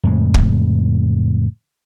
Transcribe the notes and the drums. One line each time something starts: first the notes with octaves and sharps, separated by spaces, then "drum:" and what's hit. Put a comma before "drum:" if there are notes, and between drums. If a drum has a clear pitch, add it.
F2 A2 C#3 G#3
drum: kick